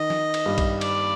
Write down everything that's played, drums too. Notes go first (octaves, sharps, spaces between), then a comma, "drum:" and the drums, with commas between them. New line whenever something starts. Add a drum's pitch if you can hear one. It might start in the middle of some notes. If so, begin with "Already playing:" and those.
Already playing: D#3 D#5
drum: snare
drum: cymbal
G2 G3
drum: kick A#1, cymbal
D5, drum: cymbal